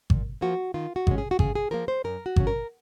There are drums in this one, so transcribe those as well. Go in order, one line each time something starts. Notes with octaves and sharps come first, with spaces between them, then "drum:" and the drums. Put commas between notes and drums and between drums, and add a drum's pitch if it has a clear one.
A#2, drum: kick G#1
F3 A#3 F4 F#4
D#3 F4
F#4
G#3 C#4, drum: kick G#1
G#4
F#4
C#3 G#4, drum: kick G#1
G#4
F3 A#3 F4 A#4
C5
F#2 A#4
F#4
C#3 F#3 C#4, drum: kick G#1
A#4